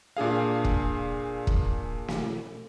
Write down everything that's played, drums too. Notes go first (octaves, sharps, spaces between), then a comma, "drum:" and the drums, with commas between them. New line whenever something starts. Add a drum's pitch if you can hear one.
A#2 D4 G#4 F5
drum: kick
drum: kick
drum: snare